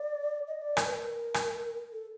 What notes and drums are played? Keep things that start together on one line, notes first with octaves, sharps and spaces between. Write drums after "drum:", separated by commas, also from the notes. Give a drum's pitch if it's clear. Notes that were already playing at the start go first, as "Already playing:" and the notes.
Already playing: D5
D#5
D5
A#4, drum: rim click
B4
A#4
drum: rim click
A4